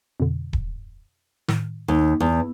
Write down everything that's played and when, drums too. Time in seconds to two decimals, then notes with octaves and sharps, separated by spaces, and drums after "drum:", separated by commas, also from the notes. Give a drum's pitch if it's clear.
0.20 F2 B2 D3
0.53 drum: kick D#1
1.48 A2 D#3, drum: snare
1.88 D#2
2.20 E2